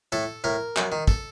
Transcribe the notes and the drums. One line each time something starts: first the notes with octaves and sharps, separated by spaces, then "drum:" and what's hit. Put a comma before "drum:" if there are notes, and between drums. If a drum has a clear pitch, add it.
A2 A4
A2 A#4
F#2, drum: clap
D#3
A4, drum: kick